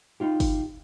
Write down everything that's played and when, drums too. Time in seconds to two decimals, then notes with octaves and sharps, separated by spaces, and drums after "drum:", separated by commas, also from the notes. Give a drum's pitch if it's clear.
0.20 D#4 F4 G4
0.40 drum: kick G1, open hi-hat